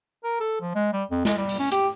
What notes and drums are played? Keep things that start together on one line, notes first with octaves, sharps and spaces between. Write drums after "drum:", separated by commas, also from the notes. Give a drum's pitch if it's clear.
A#4
A4
F3
G#3
G3
F2
G#3, drum: snare
G3
drum: open hi-hat
C#4
G4, drum: hi-hat